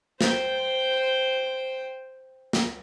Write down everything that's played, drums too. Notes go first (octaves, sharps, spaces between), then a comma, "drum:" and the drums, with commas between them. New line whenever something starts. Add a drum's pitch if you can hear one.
C5 G5, drum: snare
drum: snare